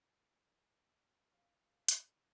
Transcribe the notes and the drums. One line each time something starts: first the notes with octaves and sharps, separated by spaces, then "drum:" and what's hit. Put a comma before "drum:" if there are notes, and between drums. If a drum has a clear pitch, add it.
F5
drum: hi-hat